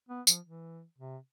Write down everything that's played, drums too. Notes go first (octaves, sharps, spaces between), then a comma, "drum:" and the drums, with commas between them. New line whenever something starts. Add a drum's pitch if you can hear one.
B3
F3, drum: tambourine
E3
C3